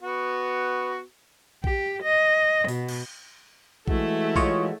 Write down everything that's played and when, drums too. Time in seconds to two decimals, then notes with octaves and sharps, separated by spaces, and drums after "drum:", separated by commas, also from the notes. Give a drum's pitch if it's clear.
0.02 B3 F#4
1.64 G4, drum: kick A#1
2.03 D#5
2.68 B2, drum: open hi-hat
2.89 drum: cymbal
3.88 E3 G#3 A3 E4 F#4, drum: kick A#1
4.36 F4 C#5 D#5, drum: kick A#1